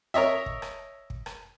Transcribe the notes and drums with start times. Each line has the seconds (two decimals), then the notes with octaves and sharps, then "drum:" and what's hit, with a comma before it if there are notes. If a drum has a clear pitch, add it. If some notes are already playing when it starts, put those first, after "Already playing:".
0.14 A#4 C#5 D#5 E5
0.46 drum: kick
0.62 drum: rim click
1.10 drum: kick
1.26 drum: rim click